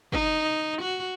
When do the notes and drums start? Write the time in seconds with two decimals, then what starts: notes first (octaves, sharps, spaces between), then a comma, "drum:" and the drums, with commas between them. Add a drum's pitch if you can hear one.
0.12 D#4, drum: kick
0.82 F#4